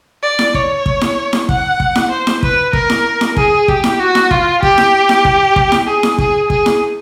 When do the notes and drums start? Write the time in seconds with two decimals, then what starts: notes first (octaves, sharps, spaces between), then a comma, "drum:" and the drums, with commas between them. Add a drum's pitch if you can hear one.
0.23 D5
0.39 drum: snare E4
0.54 C#5, drum: kick
0.86 drum: kick
1.01 drum: snare E4
1.33 drum: snare E4
1.49 F#5, drum: kick
1.80 drum: kick
1.95 drum: snare E4
2.11 C5
2.27 drum: snare E4
2.43 B4, drum: kick
2.73 A#4, drum: kick
2.90 drum: snare E4
3.21 drum: snare E4
3.37 G#4, drum: kick
3.68 G4, drum: kick
3.84 drum: snare E4
3.99 F#4
4.15 drum: snare E4
4.31 F4, drum: kick
4.63 G4, drum: kick
4.78 drum: snare E4
5.09 drum: snare E4
5.25 drum: kick
5.56 drum: kick
5.72 drum: snare E4
5.87 G#4
6.03 drum: snare E4
6.18 G#4, drum: kick
6.50 G#4, drum: kick
6.66 drum: snare E4